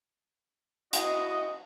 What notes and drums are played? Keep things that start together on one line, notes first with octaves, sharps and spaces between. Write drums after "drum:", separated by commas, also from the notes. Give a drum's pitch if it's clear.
E4 F#4 D#5, drum: hi-hat